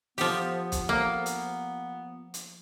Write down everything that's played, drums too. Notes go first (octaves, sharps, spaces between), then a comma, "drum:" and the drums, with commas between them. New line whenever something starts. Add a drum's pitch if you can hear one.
F3 B3 G4, drum: open hi-hat
drum: kick, hi-hat
A#3
drum: hi-hat
drum: hi-hat